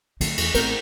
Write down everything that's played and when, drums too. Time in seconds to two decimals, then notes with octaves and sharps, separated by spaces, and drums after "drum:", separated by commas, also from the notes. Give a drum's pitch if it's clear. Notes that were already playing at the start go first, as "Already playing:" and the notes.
0.21 D3 F#3 A3 D#4, drum: cymbal
0.38 E2 E3, drum: cymbal
0.55 A1 A3 B3 C4 A#4 G6, drum: cymbal